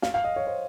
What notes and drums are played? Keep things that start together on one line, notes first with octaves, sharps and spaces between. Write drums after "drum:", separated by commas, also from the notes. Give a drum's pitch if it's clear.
F5, drum: snare
F5
D#5
C#5
C5